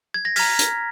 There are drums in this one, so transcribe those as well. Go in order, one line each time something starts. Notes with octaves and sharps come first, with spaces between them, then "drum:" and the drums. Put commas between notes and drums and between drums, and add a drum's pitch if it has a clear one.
G#6
A#6
A#5 F6 G#6 B6, drum: open hi-hat
drum: hi-hat